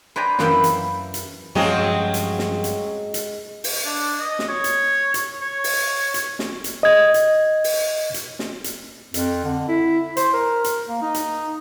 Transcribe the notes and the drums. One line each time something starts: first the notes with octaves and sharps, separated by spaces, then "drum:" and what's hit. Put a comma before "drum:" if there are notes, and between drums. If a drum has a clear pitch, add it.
B4 C5 D5 G5 G#5 A#5
F#2 E3 A#3 B4 E5 G5, drum: snare
drum: hi-hat
drum: hi-hat
G2 F3 F#3 G#3 C4 C#4 F#4 G#4
drum: hi-hat
drum: snare
drum: hi-hat
drum: hi-hat
drum: open hi-hat
D4
D#5
drum: snare
C#5
drum: hi-hat
drum: hi-hat
C#5
drum: open hi-hat
drum: hi-hat
drum: snare
drum: hi-hat
D#5 G#6
drum: hi-hat
drum: open hi-hat
drum: hi-hat
drum: snare
drum: hi-hat
F2, drum: hi-hat
D3
E4
C5, drum: hi-hat
A#4
drum: hi-hat
A#3
D#4
drum: hi-hat